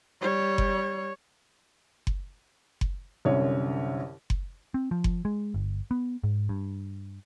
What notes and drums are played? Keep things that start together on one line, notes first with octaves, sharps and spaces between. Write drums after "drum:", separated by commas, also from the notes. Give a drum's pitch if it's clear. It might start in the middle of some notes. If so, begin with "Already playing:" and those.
G3 C#5
drum: kick F#1
drum: kick F#1
drum: kick F#1
C2 F#2 D3 C#5
drum: kick F#1
C4
F3
drum: kick F#1
G#3
G1
B3
G#2
G2